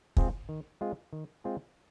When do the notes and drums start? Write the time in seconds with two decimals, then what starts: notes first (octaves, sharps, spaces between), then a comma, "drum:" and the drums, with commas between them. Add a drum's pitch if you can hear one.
0.17 G#3 C4 F4 G#4, drum: kick
0.49 D#3
0.81 G#3 C4 F4 G#4
1.13 D#3
1.44 G#3 C4 F4 G#4